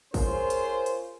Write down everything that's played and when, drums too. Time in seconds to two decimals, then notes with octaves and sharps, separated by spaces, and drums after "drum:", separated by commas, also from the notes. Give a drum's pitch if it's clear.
0.14 C#4 F4 G#4 A#4 C5, drum: kick, open hi-hat
0.50 drum: hi-hat
0.86 drum: hi-hat